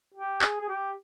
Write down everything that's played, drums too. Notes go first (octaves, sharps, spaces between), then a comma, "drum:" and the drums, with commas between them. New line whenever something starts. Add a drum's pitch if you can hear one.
G4
G#4, drum: clap
G#4
G4